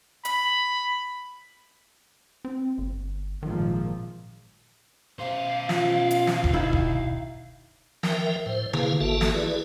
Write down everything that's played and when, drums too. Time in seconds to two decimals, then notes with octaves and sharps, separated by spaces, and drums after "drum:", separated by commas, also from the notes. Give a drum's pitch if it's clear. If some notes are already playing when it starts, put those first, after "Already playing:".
0.25 B5, drum: hi-hat
2.45 C4
2.78 G1
3.43 G#1 A#2 D#3 F3
5.19 B2 C5 F5
5.69 F4, drum: snare
6.11 drum: hi-hat
6.27 drum: snare
6.44 drum: kick E1
6.53 D#3 E4
6.73 drum: kick E1
8.03 F3 A#4 E5 G5, drum: snare
8.46 A2 C5
8.73 C3 A#3 E4 G#4 B4 F5, drum: tom D3
9.00 G#1 A#3 F#4 A4 E5 A5
9.21 drum: snare
9.34 E4 G#4 B4 D5